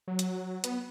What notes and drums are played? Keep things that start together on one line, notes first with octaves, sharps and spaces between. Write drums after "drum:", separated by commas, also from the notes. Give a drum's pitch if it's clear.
F#3
drum: hi-hat
B3, drum: hi-hat